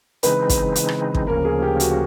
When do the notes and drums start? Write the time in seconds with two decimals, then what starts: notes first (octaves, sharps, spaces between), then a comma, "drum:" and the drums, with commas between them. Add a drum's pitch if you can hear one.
0.23 C#3 E3 G#3 C4 D#4 B4, drum: hi-hat
0.49 drum: kick, hi-hat
0.76 drum: hi-hat
0.89 drum: rim click
1.15 drum: kick
1.27 D2 C#3 F3 A#3 C#4 A#4
1.45 G#4
1.62 G4
1.80 F#4, drum: hi-hat